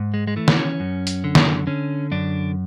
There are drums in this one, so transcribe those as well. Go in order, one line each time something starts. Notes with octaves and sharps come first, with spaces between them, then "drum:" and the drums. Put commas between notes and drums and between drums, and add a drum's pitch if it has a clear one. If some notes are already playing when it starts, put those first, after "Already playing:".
Already playing: G#2
G#3
G#3
E3 A3
B3, drum: snare
C#4
F#2
drum: hi-hat
D3
drum: snare
D3 C#4
F#2 D4